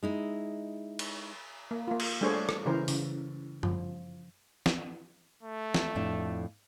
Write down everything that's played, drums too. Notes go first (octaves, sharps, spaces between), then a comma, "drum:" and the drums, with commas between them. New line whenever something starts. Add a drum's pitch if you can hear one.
G#3 D#4 E4
drum: cymbal
A#3
A#3 F4
drum: cymbal
G3 A3 D4 G#4 C5 C#5
drum: rim click
C#3 E3 A#4 C5
C#3, drum: open hi-hat
F3, drum: tom F#2
drum: snare
A3
drum: snare
F2 A2 D4